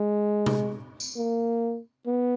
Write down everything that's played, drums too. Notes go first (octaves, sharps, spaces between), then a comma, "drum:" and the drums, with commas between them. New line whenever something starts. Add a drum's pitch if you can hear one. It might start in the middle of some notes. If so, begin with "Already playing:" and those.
Already playing: G#3
drum: tom C3
drum: tambourine
A#3
B3